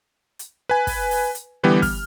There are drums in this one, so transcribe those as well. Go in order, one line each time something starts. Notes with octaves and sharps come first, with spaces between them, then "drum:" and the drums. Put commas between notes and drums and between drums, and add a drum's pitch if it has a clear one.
drum: hi-hat
B4 G#5
drum: kick, open hi-hat
drum: open hi-hat
drum: hi-hat
D3 E3 G3 B3 G4
F6, drum: kick, open hi-hat